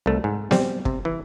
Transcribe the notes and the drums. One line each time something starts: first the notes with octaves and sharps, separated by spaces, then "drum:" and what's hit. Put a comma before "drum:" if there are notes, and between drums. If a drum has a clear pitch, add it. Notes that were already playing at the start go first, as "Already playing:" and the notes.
C2 A3
G#2
G3 C4, drum: snare B3
C3, drum: kick
E3